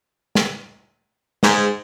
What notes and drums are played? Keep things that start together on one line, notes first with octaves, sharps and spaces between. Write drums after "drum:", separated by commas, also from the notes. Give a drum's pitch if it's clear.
drum: snare
G#2, drum: snare